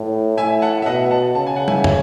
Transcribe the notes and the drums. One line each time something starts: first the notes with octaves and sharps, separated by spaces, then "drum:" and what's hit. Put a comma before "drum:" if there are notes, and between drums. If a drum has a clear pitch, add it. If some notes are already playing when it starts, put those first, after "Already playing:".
Already playing: A2
A2 E5 G#5
F#5 A5
E5
B2 D#5 F#5
F#5 A5
C#3 A5
G#5
F#5
E5 G#5, drum: tom
C#5 E5, drum: tom